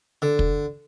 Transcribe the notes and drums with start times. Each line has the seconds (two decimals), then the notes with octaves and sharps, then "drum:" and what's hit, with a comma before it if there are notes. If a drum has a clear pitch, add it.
0.22 D3
0.39 drum: kick